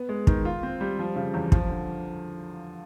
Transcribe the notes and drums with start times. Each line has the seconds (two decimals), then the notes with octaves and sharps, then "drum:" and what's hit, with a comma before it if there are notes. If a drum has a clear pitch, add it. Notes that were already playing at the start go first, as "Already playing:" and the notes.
Already playing: B3
0.09 G#3
0.27 D#3, drum: kick
0.45 F4
0.63 C4
0.81 G3
0.99 F3
1.16 C#3
1.34 E2
1.52 F3, drum: kick
1.70 D3